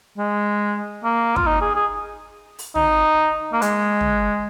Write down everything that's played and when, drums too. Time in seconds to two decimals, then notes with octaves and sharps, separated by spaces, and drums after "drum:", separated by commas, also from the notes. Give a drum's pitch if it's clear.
0.18 G#3
1.04 A#3
1.36 F4, drum: kick
1.47 D#4
1.61 G#4
1.75 G#4
2.59 drum: open hi-hat
2.75 D#4, drum: tom
3.53 A#3
3.62 G#3, drum: hi-hat
4.01 drum: tom